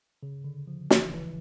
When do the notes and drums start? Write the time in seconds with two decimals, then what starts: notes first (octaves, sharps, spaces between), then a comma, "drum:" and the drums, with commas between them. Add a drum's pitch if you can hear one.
0.23 C#3
0.44 D3
0.67 F3
0.90 E3, drum: snare
1.13 E3